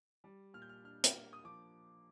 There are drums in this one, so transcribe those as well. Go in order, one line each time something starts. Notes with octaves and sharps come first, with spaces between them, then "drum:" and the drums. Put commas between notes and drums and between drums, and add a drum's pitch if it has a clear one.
G3
A#2 F6
G6
F6
D4 F6
drum: hi-hat
A#3
D#6
F3 D6